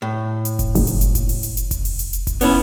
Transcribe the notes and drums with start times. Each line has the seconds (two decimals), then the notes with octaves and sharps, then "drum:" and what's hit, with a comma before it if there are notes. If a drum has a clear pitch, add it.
0.02 A2
0.45 drum: hi-hat
0.59 drum: kick F1, hi-hat
0.75 F#1, drum: open hi-hat
0.87 drum: hi-hat
1.01 drum: hi-hat
1.15 drum: kick F1, hi-hat
1.29 drum: open hi-hat
1.43 drum: hi-hat
1.57 drum: hi-hat
1.71 drum: kick F1, hi-hat
1.85 drum: open hi-hat
1.99 drum: hi-hat
2.13 drum: hi-hat
2.27 drum: kick F1, hi-hat
2.41 B3 C#4 E4, drum: open hi-hat